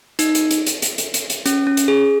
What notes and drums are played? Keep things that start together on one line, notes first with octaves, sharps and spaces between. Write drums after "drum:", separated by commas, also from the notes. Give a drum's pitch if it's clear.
D#4, drum: hi-hat
drum: hi-hat
drum: hi-hat
drum: hi-hat
drum: hi-hat
drum: hi-hat
drum: hi-hat
drum: hi-hat
C#4, drum: hi-hat
C#4
drum: hi-hat
G#4